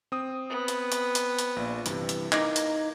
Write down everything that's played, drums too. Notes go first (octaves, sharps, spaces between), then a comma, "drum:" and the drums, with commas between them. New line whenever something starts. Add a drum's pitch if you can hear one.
C4 D#6
B3
drum: hi-hat
drum: hi-hat
drum: hi-hat
drum: hi-hat
A#1 A#2
G2 C3 E3, drum: hi-hat
drum: hi-hat
A#3 D#4 D6 G#6 A#6, drum: clap
drum: hi-hat